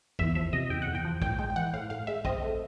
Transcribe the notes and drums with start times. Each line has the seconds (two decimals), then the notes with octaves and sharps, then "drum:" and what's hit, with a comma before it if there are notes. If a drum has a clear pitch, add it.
0.19 E2 E5, drum: kick A1
0.35 F3 E5
0.53 C3 D#5
0.70 E2 G5
0.82 F#5
0.87 E2
0.95 G5
1.05 F3
1.22 A2 G5, drum: kick A1
1.39 G#3 G5
1.50 G5
1.56 E3 F#5
1.74 A2 F5
1.90 A2 F5
2.07 G#3 E5
2.25 C4 D#5, drum: kick A1
2.42 A3